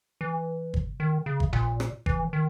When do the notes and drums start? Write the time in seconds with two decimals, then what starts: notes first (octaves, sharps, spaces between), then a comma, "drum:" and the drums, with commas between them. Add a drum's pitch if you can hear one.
0.21 E3
0.74 drum: kick G1
1.00 D#3
1.26 C#3
1.40 drum: kick G1
1.53 A#2, drum: tom A#1
1.80 drum: rim click
2.06 E3, drum: kick G1
2.33 D#3